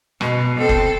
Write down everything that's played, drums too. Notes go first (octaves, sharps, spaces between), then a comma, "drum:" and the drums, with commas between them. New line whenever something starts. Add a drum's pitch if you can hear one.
B2, drum: rim click
C4 A4
drum: kick F#1